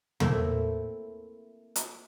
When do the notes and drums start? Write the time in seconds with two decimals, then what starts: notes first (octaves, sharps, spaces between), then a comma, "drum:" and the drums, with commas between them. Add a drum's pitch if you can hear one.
0.20 A3 A#3 C4 E4, drum: tom
1.76 drum: hi-hat